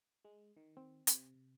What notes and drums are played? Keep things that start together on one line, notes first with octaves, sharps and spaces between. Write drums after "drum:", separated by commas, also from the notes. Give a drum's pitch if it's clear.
G#3
D#3
C4
C3, drum: hi-hat